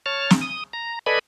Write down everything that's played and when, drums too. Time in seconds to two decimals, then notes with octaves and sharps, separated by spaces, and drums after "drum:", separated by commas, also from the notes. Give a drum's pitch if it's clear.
0.06 C#5 A5 F6
0.30 drum: snare
0.41 D#6
0.73 A#5
1.06 A4 B4 D5 D#5 G#5 B5